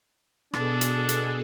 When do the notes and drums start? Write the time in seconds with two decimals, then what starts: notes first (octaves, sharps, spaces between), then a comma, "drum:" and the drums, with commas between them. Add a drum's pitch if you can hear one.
0.53 B2 D4 G#4 A4, drum: rim click
0.81 drum: hi-hat
1.09 drum: hi-hat